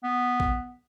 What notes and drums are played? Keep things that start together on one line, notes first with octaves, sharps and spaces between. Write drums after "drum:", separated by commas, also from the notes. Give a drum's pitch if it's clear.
B3
drum: kick A1